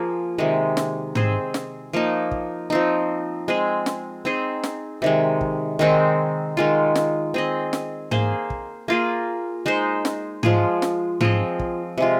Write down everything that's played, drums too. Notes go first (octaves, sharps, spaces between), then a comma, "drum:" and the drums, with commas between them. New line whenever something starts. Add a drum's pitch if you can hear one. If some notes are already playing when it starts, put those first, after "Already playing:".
Already playing: F3 A#3 F4 G#4
C3 D#3 G#3
drum: snare
C4 G#4 C5, drum: tom G#2
drum: snare
F3 A#3 D#4
drum: kick
F3 C4 D#4
G#3 C4 G#4
drum: snare
C4 D#4 G#4 C5
drum: snare
C3 D#3 G#3
drum: kick
D#3 G#3 C4 D#4
D#3 G#3 F4
drum: snare
C4 G#4 D#5
drum: snare
A#3 G#4 C5, drum: tom G#2
drum: kick
A#3 F4 G#4
G#3 D#4 C5
drum: snare
F3 G#3 F4 G#4, drum: tom G#2
drum: snare
F3 C4 G#4 D#5, drum: tom G#2
drum: kick
C3 G#3 F4